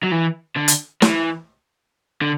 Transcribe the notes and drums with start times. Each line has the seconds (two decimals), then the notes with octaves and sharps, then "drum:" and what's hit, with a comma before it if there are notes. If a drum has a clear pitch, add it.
0.03 F#3
0.11 E3
0.57 D3
0.68 drum: hi-hat
1.02 E3, drum: snare
2.21 D3